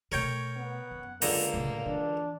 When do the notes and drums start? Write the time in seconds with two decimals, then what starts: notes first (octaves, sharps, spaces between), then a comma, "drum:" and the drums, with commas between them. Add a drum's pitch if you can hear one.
0.12 B2 A3 A#4 C#5 G5
0.57 B3 F#5
0.91 F#2
1.22 C#2 D3 A#3 A#5, drum: open hi-hat
1.54 A2 C#3
1.86 E3 D4